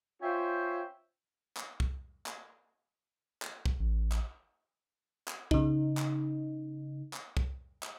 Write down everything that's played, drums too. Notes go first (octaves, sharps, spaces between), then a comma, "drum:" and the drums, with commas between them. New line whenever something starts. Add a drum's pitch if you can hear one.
C#4 F4 C5 E5 G5
drum: clap
drum: kick C2
drum: clap
drum: clap
drum: kick C2
A1
drum: clap
drum: clap
C#3 D#4, drum: kick C2
drum: clap
drum: clap
drum: kick C2
drum: clap